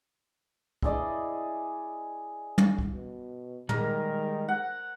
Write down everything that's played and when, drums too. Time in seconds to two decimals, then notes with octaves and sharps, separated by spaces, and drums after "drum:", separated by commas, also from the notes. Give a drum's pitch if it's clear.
0.82 E4 G#4 D5 D#5, drum: kick
2.58 drum: tom
2.79 drum: kick
2.92 B2
3.69 D#3 G3 G#3 A#4, drum: tom
4.48 F#5